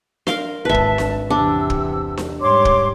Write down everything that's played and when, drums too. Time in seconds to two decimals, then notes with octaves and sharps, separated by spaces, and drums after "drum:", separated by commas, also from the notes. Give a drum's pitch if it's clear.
0.27 A#4 F5 C6, drum: snare D4
0.65 G#1 B4 E5 A5
0.74 drum: kick
0.98 drum: snare D4
1.30 E2 C3 D4 E6
1.70 drum: kick
2.17 drum: snare D4
2.41 G#2 G3 C#5 C6 D6
2.65 drum: kick